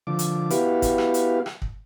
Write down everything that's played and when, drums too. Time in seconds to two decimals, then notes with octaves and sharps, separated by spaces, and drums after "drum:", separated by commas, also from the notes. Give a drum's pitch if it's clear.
0.07 D3 F3 D6
0.19 drum: hi-hat
0.50 B3 E4 F#4 G4 B4 F5, drum: hi-hat
0.82 drum: kick, hi-hat
0.98 drum: rim click
1.14 drum: hi-hat
1.46 drum: rim click
1.62 drum: kick